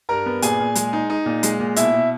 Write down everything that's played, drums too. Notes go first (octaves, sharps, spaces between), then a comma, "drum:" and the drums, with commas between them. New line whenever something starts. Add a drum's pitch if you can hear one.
G2 A#4 A#5
B3
A#2 G#4 G#5, drum: hi-hat
A#2
G#3, drum: hi-hat
D#4
D#4
A#2
G#3, drum: hi-hat
A#2
B2 E4 E5, drum: hi-hat
B2